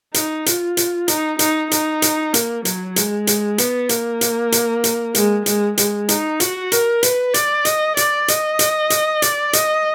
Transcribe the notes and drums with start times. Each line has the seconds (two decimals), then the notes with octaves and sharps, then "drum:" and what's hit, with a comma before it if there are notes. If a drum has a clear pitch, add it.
0.14 D#4, drum: hi-hat
0.46 F4, drum: hi-hat
0.77 drum: hi-hat
1.08 D#4, drum: hi-hat
1.39 D#4, drum: hi-hat
1.71 D#4, drum: hi-hat
2.02 drum: hi-hat
2.34 A#3, drum: hi-hat
2.65 F#3, drum: hi-hat
2.96 G#3, drum: hi-hat
3.27 drum: hi-hat
3.58 B3, drum: hi-hat
3.89 A#3, drum: hi-hat
4.21 drum: hi-hat
4.52 drum: hi-hat
4.84 drum: hi-hat
5.15 G#3, drum: hi-hat
5.46 G#3, drum: hi-hat
5.78 G#3, drum: hi-hat
6.09 D#4, drum: hi-hat
6.40 F#4, drum: hi-hat
6.72 A#4, drum: hi-hat
7.03 B4, drum: hi-hat
7.34 D5, drum: hi-hat
7.65 D#5, drum: hi-hat
7.97 D5, drum: hi-hat
8.28 D#5, drum: hi-hat
8.59 drum: hi-hat
8.90 drum: hi-hat
9.22 D5, drum: hi-hat
9.53 D#5, drum: hi-hat